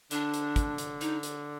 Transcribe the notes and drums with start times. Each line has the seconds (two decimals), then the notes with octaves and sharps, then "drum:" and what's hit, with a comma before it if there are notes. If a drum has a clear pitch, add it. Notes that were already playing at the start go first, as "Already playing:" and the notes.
0.11 D3 D4, drum: hi-hat
0.34 drum: hi-hat
0.56 drum: kick, hi-hat
0.78 drum: hi-hat
1.01 D#4, drum: hi-hat
1.23 drum: hi-hat